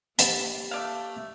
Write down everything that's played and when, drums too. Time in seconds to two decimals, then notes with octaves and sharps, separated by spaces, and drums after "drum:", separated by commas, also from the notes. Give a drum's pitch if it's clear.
0.19 A#3 G4 B5 A6, drum: hi-hat
0.71 A3 D5 F5